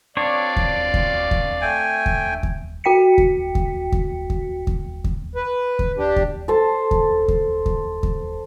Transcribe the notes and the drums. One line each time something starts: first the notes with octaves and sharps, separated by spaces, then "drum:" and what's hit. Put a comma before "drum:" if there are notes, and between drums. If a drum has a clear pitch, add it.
C4 D4 C#5 D5 F5
drum: kick D#2
drum: kick D#2
drum: kick D#2
A3 G5 G#5
drum: kick D#2
drum: kick D#2
F#4 G5 B6 C#7
drum: kick D#2
drum: kick D#2
drum: kick D#2
drum: kick D#2
drum: kick D#2
drum: kick D#2
B4
drum: kick D#2
D4 G4
drum: kick D#2
A4 C5 A5
drum: kick D#2
drum: kick D#2
drum: kick D#2
drum: kick D#2